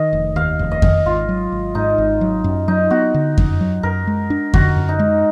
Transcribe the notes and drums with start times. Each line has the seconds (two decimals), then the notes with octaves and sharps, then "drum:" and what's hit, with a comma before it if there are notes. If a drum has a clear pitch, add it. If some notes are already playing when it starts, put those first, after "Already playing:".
Already playing: D#3 D#5
0.13 F1
0.36 D#2 F5
0.59 F1
0.71 D#5
0.82 D#3, drum: kick F2
1.05 G#1 F4
1.29 F#3
1.52 G#1
1.75 G#2 D#4
1.98 G#1
2.21 F#3
2.44 F#2
2.68 F#3 D#4
2.90 B3 F#4
3.14 D3
3.38 F#2, drum: kick F2
3.61 F#3
3.83 F#2 A#4
4.07 G#3
4.30 D4
4.54 D3 F#4, drum: kick F2
4.77 F#2
4.89 D#4
4.99 G#3